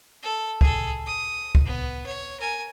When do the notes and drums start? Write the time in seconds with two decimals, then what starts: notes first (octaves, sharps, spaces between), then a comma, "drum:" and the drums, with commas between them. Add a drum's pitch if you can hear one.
0.23 A4
0.61 G#4 A4, drum: kick
1.06 D#6
1.55 drum: kick
1.66 B3
2.06 C#5
2.40 A#4 G#5